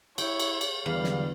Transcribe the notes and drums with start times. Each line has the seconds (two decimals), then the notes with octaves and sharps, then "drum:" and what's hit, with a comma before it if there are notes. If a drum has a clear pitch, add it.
0.18 E4 C#5 G5, drum: cymbal
0.40 drum: cymbal
0.61 drum: cymbal
0.86 E2 D3 F#3 G3 F5
1.04 drum: snare